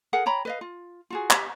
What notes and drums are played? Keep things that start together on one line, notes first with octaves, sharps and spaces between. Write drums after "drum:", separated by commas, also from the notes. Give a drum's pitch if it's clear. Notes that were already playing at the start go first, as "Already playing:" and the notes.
G#4 A#4 F#5
C#5 G5 A#5 B5
B4 D#5 F5
F4
F4 F#4 G#4
G4 E5, drum: clap